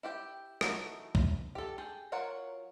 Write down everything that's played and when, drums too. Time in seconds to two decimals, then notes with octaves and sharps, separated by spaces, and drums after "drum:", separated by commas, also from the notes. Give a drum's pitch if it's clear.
0.03 E4 G4 G5
0.61 E3 A3 D#4 F#4, drum: rim click
1.15 drum: kick
1.55 G4 A4
1.78 G#4 G5 A5
2.12 F#3 F4 A#4 C#5 F#5